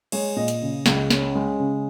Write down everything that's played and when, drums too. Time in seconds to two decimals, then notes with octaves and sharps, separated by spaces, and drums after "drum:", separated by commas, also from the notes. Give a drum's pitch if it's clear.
0.12 G#3 C#5, drum: cymbal
0.36 A#2 D#5
0.48 drum: hi-hat
0.62 C#3
0.86 C#2, drum: snare
1.10 C#4, drum: snare
1.35 G#3
1.60 C#3